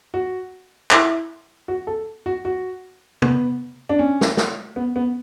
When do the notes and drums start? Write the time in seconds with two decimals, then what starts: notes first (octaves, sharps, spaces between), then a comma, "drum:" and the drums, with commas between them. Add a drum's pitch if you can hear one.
0.14 F#4
0.91 E4, drum: clap
1.68 F#4
1.87 A4
2.26 F#4
2.45 F#4
3.22 B3, drum: tom
3.89 D4
3.99 C#4
4.21 drum: snare
4.37 drum: snare
4.76 B3
4.96 B3